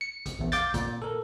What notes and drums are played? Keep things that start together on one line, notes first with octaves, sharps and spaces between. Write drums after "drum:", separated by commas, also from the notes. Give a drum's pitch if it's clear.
C#7
drum: kick, hi-hat
A#1 E2
F5 D6 G6 A6, drum: hi-hat
A#2, drum: kick, hi-hat
A4 A#4